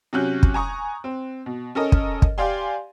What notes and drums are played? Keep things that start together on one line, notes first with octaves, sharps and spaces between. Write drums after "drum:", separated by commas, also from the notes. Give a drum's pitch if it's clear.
C3 F#3 C#4 F#6 G6
drum: kick
G#5 A#5 C#6 D#6
C4
B2
C#4 A4 A#4 D#5
drum: kick
drum: kick
G4 D5 F5 G#5 C6